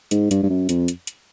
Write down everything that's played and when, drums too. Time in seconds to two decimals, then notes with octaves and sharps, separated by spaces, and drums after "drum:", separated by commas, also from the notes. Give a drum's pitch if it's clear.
0.11 G#2, drum: hi-hat
0.31 G2, drum: hi-hat
0.43 G2
0.50 F#2
0.69 F2, drum: hi-hat
0.88 drum: hi-hat
1.07 drum: hi-hat